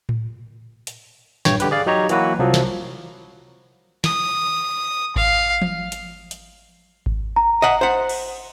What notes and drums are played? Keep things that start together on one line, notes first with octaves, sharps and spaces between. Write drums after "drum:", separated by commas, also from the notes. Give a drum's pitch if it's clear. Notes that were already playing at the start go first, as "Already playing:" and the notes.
drum: tom A2
drum: hi-hat
A#1 G2 C#5 G5, drum: snare
D3 G4 B4, drum: hi-hat
G#4 D5 F5
F#3 D#4 G4 C#5 A#5
E3 F#3 A#3 F#4 B4, drum: hi-hat
C2 F3 F#3
drum: snare
D#6, drum: snare
F5, drum: kick G#1
drum: tom E3
drum: hi-hat
drum: hi-hat
drum: kick G#1
A#5
D#5 F#5
C5 F#5
drum: cymbal